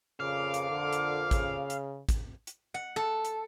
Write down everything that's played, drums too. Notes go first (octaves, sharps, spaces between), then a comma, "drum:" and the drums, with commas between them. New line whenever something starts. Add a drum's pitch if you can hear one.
F2 A#2 C#3 F5 D6
drum: hi-hat
D3
drum: hi-hat
C#3, drum: kick, hi-hat
drum: hi-hat
drum: kick, hi-hat
drum: hi-hat
F#5
A4
drum: hi-hat